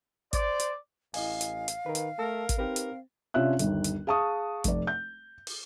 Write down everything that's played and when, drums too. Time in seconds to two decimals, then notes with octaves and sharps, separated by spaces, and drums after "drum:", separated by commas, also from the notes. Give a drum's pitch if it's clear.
0.33 C5 D5, drum: kick, hi-hat
0.60 drum: hi-hat
1.14 A1 E4 D#5 F5 G#5, drum: open hi-hat
1.41 drum: hi-hat
1.68 drum: hi-hat
1.86 D#3 A#4 B4
1.95 drum: hi-hat
2.19 A3 A#4 A5 E6
2.49 drum: kick, hi-hat
2.58 C4 D#4 G4 A#4 B4
2.76 drum: hi-hat
3.34 C3 C#4 D4 F4 E5 F#6
3.59 G1 D#2, drum: hi-hat
3.84 drum: hi-hat
4.07 G#4 F5 A5 C#6 D#6
4.64 F1 D5, drum: kick, hi-hat
4.87 G6
5.47 drum: open hi-hat